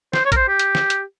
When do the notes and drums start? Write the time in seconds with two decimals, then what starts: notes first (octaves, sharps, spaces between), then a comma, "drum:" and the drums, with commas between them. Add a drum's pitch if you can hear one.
0.13 C5, drum: snare
0.25 C#5
0.32 A#4, drum: kick, hi-hat
0.36 C5
0.48 G4
0.59 drum: hi-hat
0.75 drum: snare
0.90 drum: hi-hat